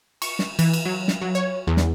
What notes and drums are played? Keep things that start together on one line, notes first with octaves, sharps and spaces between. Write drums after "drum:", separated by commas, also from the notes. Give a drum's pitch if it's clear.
C#6, drum: cymbal
drum: snare
E3, drum: cymbal
drum: cymbal
F#3
drum: snare
F#3
C#5
E2
drum: snare